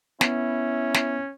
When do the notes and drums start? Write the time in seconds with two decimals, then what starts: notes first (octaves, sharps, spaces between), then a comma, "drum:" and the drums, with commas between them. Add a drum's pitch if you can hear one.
0.21 B3 C#4 E4, drum: snare
0.94 drum: snare